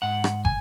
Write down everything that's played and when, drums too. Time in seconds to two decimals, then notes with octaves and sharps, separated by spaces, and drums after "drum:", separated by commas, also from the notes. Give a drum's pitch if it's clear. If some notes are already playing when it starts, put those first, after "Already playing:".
0.02 G#2 F#5
0.24 drum: rim click
0.45 G#5, drum: kick